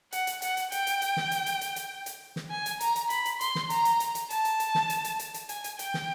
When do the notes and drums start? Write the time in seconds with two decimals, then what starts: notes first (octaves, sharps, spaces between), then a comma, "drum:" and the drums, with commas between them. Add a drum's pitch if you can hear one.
0.12 F#5, drum: hi-hat
0.27 drum: hi-hat
0.42 F#5, drum: hi-hat
0.57 drum: hi-hat
0.72 G5, drum: hi-hat
0.87 drum: hi-hat
1.02 drum: hi-hat
1.17 drum: snare
1.31 drum: hi-hat
1.46 drum: hi-hat
1.61 drum: hi-hat
1.76 drum: hi-hat
2.06 drum: hi-hat
2.36 drum: snare
2.51 G#5
2.66 drum: hi-hat
2.81 A#5, drum: hi-hat
2.96 drum: hi-hat
3.10 B5, drum: hi-hat
3.25 drum: hi-hat
3.41 C6, drum: hi-hat
3.55 drum: snare
3.70 A#5, drum: hi-hat
3.85 drum: hi-hat
4.00 drum: hi-hat
4.15 drum: hi-hat
4.30 A5, drum: hi-hat
4.45 drum: hi-hat
4.60 drum: hi-hat
4.75 drum: snare
4.90 drum: hi-hat
5.05 drum: hi-hat
5.19 drum: hi-hat
5.34 drum: hi-hat
5.49 G#5, drum: hi-hat
5.64 drum: hi-hat
5.79 G5, drum: hi-hat
5.94 drum: snare